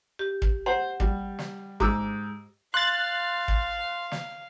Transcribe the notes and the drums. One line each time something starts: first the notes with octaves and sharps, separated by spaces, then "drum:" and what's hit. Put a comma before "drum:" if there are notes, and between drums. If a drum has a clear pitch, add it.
G4
drum: kick
C5 F#5
G3, drum: kick
drum: snare
G#2 D6 E6, drum: kick
F5 C6 F#6 A6
drum: kick
drum: snare